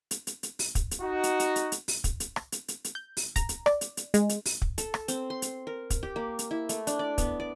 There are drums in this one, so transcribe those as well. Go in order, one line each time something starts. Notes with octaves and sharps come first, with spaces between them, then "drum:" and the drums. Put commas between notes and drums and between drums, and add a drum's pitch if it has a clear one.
drum: hi-hat
drum: hi-hat
drum: hi-hat
drum: open hi-hat
drum: kick, hi-hat
drum: hi-hat
D#4 F#4
drum: hi-hat
drum: hi-hat
drum: hi-hat
drum: hi-hat
drum: open hi-hat
drum: kick, hi-hat
drum: hi-hat
drum: rim click
drum: hi-hat
drum: hi-hat
drum: hi-hat
G6
drum: open hi-hat
A#5, drum: kick, hi-hat
drum: hi-hat
D5, drum: rim click
drum: hi-hat
drum: hi-hat
G#3, drum: hi-hat
drum: hi-hat
drum: open hi-hat
drum: kick
A4, drum: hi-hat
drum: rim click
C4, drum: hi-hat
C6
drum: hi-hat
A#4
drum: kick, hi-hat
G4
A#3
drum: hi-hat
E4
A3, drum: hi-hat
D4, drum: hi-hat
D5
B3, drum: kick, hi-hat
D5